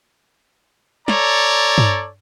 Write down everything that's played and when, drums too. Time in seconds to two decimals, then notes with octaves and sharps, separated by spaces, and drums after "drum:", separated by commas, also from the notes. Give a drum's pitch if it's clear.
1.08 A4 C#5 D5 A#5, drum: snare
1.78 drum: tom G2